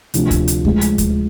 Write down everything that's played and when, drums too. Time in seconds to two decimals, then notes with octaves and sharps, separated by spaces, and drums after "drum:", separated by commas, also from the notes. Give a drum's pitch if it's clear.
0.14 D2 C3 F3 A3 D4, drum: hi-hat
0.31 drum: kick D2, hi-hat
0.48 drum: hi-hat
0.65 A2 F3 G#3, drum: kick D2
0.81 drum: hi-hat
0.98 drum: kick D2, hi-hat